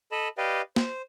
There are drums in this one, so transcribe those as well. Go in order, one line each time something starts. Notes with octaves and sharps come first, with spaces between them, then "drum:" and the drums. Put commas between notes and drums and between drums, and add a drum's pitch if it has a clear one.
A4 D#5 A5 B5
G4 B4 D5 D#5 F5 G5
C5, drum: snare